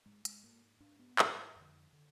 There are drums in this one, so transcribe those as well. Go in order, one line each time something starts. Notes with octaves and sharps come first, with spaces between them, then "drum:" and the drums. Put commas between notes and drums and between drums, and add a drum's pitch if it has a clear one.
G#2 G#3
G#3, drum: hi-hat
G#2 A#3
G#2 D4
B3
G#2, drum: clap
F2 D3
D3